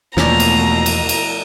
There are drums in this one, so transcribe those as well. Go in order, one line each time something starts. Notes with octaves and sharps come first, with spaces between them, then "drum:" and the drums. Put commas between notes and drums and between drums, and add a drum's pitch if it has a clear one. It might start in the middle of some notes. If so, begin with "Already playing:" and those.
E2 B2 F3 A3 A#3 C#4 D5 A#5, drum: snare
drum: cymbal
drum: cymbal
drum: cymbal